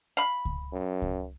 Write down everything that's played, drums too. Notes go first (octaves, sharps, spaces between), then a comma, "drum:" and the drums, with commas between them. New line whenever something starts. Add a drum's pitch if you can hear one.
F5 B5
drum: kick C#2
F#2
drum: kick C#2